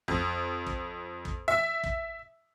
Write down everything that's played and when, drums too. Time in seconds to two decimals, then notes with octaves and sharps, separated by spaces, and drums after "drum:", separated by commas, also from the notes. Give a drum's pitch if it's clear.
0.08 F2, drum: kick
0.67 drum: kick
1.25 drum: kick
1.48 E5
1.84 drum: kick